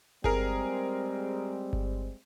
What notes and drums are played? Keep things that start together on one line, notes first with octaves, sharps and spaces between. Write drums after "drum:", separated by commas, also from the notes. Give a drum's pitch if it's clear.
G3 G#3 C4 G#4 A#4, drum: kick G1
drum: kick G1